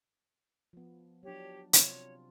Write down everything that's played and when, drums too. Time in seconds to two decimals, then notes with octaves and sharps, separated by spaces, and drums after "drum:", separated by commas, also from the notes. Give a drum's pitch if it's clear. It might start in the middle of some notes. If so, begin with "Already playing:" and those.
0.73 F3 B3
1.23 F#3 D4 G4 C#5
1.73 C3 C4 F4 C#5, drum: hi-hat